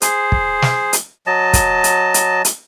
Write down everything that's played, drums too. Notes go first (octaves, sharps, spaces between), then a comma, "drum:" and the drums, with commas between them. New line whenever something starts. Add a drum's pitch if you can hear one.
G#4 C5, drum: hi-hat
drum: kick
drum: snare
drum: hi-hat
F#3 D#5 A5
drum: kick, hi-hat
drum: hi-hat
drum: hi-hat
drum: hi-hat